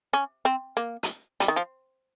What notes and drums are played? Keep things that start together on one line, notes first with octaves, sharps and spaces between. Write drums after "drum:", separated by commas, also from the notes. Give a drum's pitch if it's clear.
C#4
C4
A#3
drum: hi-hat
G3, drum: hi-hat
D#3
F3